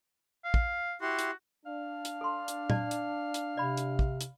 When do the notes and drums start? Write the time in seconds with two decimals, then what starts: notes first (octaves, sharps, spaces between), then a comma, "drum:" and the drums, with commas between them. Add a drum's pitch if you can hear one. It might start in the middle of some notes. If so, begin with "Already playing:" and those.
0.44 F5
0.54 drum: kick
1.01 E4 F#4 G4 C6
1.19 drum: hi-hat
1.66 D4 F5
2.05 drum: hi-hat
2.21 A4 C6
2.48 drum: hi-hat
2.70 D5 A5, drum: tom A#2
2.91 drum: hi-hat
3.34 drum: hi-hat
3.57 C3 D5 B5
3.77 drum: hi-hat
3.99 drum: kick
4.21 drum: hi-hat